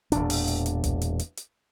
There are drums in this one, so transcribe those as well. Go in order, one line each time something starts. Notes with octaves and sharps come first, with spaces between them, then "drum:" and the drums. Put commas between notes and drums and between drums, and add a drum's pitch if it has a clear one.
E1 E2 A#2 D4, drum: hi-hat
drum: open hi-hat
drum: hi-hat
drum: hi-hat
drum: kick, hi-hat
drum: hi-hat
drum: hi-hat
drum: hi-hat